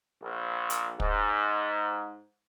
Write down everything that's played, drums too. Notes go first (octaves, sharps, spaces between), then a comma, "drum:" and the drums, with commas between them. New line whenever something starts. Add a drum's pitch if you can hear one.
A#1
drum: hi-hat
G#2, drum: kick